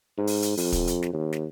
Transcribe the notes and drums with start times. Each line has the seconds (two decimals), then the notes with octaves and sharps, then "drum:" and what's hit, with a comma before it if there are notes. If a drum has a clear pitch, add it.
0.18 G#2
0.27 drum: open hi-hat
0.42 drum: hi-hat
0.57 F2, drum: open hi-hat
0.72 drum: kick, hi-hat
0.87 drum: hi-hat
1.02 drum: snare
1.13 D#2
1.33 drum: snare